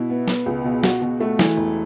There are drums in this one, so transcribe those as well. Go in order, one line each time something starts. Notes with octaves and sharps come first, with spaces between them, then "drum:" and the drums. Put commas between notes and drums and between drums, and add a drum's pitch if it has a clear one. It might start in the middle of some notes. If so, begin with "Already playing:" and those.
Already playing: B2 E4
B3
B3, drum: snare
C#2
B2
F#4, drum: snare
B2
A3
E3, drum: snare
E1